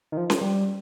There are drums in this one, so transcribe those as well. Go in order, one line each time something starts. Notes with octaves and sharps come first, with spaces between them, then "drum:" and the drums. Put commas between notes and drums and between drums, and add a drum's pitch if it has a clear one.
D#3
F3
drum: snare C#4
G3